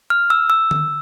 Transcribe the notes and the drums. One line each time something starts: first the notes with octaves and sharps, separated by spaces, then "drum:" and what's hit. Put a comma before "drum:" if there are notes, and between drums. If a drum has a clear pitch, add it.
F6
E6
E6
drum: tom D3